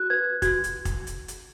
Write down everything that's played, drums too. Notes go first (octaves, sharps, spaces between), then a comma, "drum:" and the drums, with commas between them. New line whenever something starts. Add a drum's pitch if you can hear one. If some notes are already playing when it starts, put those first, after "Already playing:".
Already playing: F#4 F#6
B4 G#6
F#4 G#6, drum: kick, hi-hat
drum: hi-hat
drum: kick, hi-hat
drum: hi-hat
drum: hi-hat